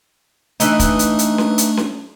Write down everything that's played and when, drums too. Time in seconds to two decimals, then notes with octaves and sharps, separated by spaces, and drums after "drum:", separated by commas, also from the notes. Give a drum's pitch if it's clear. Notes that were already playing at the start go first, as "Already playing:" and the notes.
0.60 E3 A3 D4 D#4, drum: hi-hat
0.79 drum: kick, hi-hat
0.99 drum: hi-hat
1.19 drum: hi-hat
1.38 drum: snare C#4
1.58 drum: hi-hat
1.77 drum: snare C#4